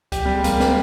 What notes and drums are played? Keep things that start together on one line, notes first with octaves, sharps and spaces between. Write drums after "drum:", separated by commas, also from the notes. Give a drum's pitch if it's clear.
G4, drum: kick C#2, hi-hat
G3
G#3
A#3, drum: kick C#2, hi-hat
drum: snare